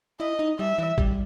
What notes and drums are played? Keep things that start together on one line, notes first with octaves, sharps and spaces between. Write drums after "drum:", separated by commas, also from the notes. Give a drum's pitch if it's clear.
E4 D#5
D#4
G3 E5
E3
G3, drum: kick